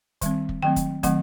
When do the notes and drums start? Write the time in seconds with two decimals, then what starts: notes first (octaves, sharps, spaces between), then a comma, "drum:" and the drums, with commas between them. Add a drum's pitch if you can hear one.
0.21 D#3 G3 C4, drum: kick, hi-hat
0.49 drum: kick
0.63 D#3 F#3 A3 C4 G5
0.76 drum: kick, hi-hat
1.03 D#3 F#3 A3 C4 F#5, drum: kick, hi-hat